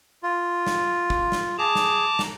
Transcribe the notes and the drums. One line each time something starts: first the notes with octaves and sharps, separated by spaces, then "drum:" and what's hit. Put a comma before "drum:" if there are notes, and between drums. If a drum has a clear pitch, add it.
F4
drum: snare
drum: kick
drum: snare
G#4 A5 A#5 D6
drum: snare
drum: snare